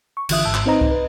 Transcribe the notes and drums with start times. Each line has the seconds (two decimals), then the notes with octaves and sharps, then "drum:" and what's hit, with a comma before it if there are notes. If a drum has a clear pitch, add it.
0.17 C#6
0.29 G1 D3 E3 F4 E5 D#6, drum: cymbal
0.45 G#1 G#2 A5 E6
0.54 drum: clap
0.66 C4 D#4 B4 C5 D#5 A#5
0.81 drum: kick C2
0.91 B4 D#5